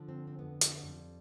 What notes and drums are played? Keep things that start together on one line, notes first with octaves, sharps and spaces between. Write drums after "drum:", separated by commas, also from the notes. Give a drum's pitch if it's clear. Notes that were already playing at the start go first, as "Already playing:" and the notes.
Already playing: D3 F3
C4
C4
F2 B3
drum: hi-hat
F2 G3